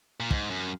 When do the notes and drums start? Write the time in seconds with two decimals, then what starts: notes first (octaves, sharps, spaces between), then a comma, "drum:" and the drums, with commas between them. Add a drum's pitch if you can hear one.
0.20 A#2
0.31 G#2, drum: kick
0.50 F#2